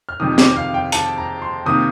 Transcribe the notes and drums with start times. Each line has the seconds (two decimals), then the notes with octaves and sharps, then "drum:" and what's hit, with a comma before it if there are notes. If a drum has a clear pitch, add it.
0.09 F6
0.20 F2 C3 D#3 D#6
0.38 D6, drum: snare
0.56 F5
0.74 G5
0.92 A5, drum: hi-hat
1.18 A#5
1.42 C6
1.66 C3 D#3 A#3 D#6